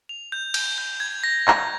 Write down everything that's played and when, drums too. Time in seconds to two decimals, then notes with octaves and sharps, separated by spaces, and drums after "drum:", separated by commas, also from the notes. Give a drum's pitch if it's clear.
0.09 F7
0.32 G6
0.54 G6, drum: cymbal
0.78 G6
1.00 G#6
1.24 A#6
1.48 drum: clap